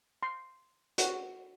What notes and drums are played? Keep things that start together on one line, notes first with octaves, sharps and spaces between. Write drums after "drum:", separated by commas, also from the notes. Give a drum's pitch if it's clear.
C6
F#4, drum: hi-hat